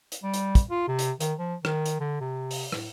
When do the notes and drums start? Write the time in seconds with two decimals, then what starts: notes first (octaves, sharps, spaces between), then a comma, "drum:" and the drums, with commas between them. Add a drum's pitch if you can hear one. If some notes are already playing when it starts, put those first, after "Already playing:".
0.12 drum: hi-hat
0.23 G3
0.34 drum: hi-hat
0.55 drum: kick, hi-hat
0.71 F4
0.88 C3
0.99 drum: hi-hat
1.20 D#3, drum: hi-hat
1.39 F3
1.65 D#3, drum: rim click
1.86 drum: hi-hat
2.00 D3
2.21 C3
2.51 drum: open hi-hat
2.72 A2, drum: rim click